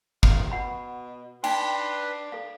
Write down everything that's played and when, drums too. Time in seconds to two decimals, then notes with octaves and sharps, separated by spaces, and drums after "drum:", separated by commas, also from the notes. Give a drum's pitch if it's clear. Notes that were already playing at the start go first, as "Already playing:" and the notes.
0.23 F4, drum: kick
0.51 B2 F#5 B5
1.44 D4 D#4 B4 G5 C6, drum: cymbal
2.32 A4 F5